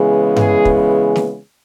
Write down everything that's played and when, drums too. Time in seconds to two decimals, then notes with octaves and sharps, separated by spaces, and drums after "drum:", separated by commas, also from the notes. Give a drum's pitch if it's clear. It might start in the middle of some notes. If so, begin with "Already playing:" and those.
Already playing: C#3 E3 G#3 B3
0.36 G#4, drum: tom G2
0.65 drum: kick
1.16 drum: snare